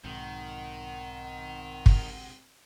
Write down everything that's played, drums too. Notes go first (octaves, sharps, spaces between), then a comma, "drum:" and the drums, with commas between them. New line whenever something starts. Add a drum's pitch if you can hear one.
B1 G#2 D#3 C4 F#5
drum: kick